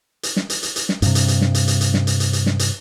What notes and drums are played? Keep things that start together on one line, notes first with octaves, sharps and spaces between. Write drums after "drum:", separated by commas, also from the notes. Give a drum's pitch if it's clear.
drum: hi-hat
drum: snare
drum: hi-hat
drum: hi-hat
drum: hi-hat
drum: snare
G2 C3, drum: hi-hat
drum: hi-hat
drum: hi-hat
drum: snare
drum: hi-hat
drum: hi-hat
drum: hi-hat
drum: snare
drum: hi-hat
drum: hi-hat
drum: hi-hat
drum: snare
drum: hi-hat